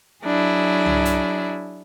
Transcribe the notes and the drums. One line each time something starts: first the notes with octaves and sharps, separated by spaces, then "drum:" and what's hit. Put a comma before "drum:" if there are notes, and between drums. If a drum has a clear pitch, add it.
F#3 D4 E4 G#4
drum: tom C2
drum: hi-hat